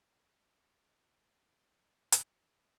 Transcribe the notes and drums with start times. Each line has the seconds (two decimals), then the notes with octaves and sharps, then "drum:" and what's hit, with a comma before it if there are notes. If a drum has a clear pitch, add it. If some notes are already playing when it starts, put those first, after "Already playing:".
Already playing: C5
0.27 D#3
0.67 F#3 A#3
1.08 A#2
1.50 F#3 A#3
2.12 drum: hi-hat